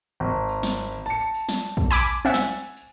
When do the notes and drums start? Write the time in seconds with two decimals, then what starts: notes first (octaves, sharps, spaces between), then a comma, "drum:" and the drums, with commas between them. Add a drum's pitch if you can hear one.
0.20 G#1
0.49 drum: tambourine
0.63 drum: snare
0.77 drum: tambourine
0.92 drum: tambourine
1.06 A5 C#7, drum: tambourine
1.20 drum: tambourine
1.34 drum: tambourine
1.49 drum: snare
1.63 drum: tambourine
1.77 drum: kick, tambourine
1.91 G#5 B5 D6, drum: tambourine
2.06 drum: tambourine
2.25 C4 E5 F#5 G#5 A6
2.34 drum: snare
2.48 drum: tambourine
2.62 drum: tambourine
2.77 drum: tambourine